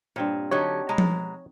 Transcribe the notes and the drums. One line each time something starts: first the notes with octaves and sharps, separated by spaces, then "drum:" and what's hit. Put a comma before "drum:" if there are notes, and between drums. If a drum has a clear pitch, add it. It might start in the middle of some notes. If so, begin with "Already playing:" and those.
G2 A#2 C4 C#5
D3 F#3 D#4 G4 C#5 F#5
B2 G#3 A#5
drum: tom F3